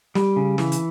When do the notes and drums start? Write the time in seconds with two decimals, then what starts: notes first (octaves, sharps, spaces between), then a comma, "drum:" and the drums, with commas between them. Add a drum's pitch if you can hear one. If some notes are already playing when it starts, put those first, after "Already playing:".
0.15 G3, drum: snare
0.36 C#3
0.58 E3, drum: snare
0.72 drum: hi-hat